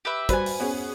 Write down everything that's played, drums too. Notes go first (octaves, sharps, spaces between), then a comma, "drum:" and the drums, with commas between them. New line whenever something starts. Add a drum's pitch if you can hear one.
G4 B4 E5
G3 F#4 B4 C5 G#5, drum: kick, hi-hat
drum: open hi-hat
B3 C#4 G#4